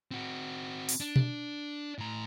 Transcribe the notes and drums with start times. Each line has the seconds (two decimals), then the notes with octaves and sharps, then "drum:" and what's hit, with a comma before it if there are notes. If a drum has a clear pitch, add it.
0.11 C4 F#4
0.89 drum: open hi-hat
1.00 D4
1.16 drum: tom B2
1.99 A2 A#5